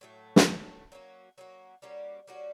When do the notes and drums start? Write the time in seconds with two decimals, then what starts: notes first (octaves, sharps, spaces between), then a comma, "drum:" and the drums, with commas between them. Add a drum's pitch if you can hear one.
0.01 A2 F#3 A3
0.36 drum: snare
0.47 A2 F#3 A3
0.92 F#3 A#3 C#4 F#4
1.38 F#3 A#3 C#4 F#4
1.82 G3 A#3 C#4 F#4
2.27 G3 A#3 C#4 F#4